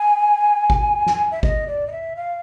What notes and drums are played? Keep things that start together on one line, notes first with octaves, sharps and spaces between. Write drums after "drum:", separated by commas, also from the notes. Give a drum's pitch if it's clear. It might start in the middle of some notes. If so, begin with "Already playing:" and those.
Already playing: G#5
drum: kick G#1
drum: snare
E5
D#5, drum: kick G#1
D5
D#5
E5
F5